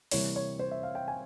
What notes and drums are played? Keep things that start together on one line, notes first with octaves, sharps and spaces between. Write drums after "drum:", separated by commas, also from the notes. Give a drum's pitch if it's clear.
C3 E3 G3 A#3 C#5, drum: open hi-hat
C#5
C5
E5
F5
G5
G#5